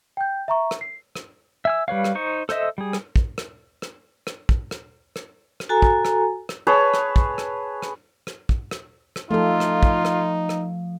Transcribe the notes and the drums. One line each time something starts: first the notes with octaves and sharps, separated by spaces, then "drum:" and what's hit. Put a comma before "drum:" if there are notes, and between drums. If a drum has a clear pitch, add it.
G5 G6
E5 A#5 C#6
drum: rim click
C7
drum: rim click
E5 G#5 E6
G3 B4 C#5 F5
drum: rim click
D#4 C5 C#6
A4 C5 D#5 E5, drum: rim click
G3 G#4
drum: rim click
drum: kick
drum: rim click
drum: rim click
drum: rim click
drum: kick
drum: rim click
drum: rim click
drum: rim click
F#4 A4 G#5 A#5
drum: kick
drum: rim click
drum: rim click
G#4 B4 C#5 A5
drum: rim click
drum: kick
drum: rim click
drum: rim click
drum: rim click
drum: kick
drum: rim click
drum: rim click
F3 A3 D#4 F4 A4
drum: rim click
drum: kick
drum: rim click
drum: rim click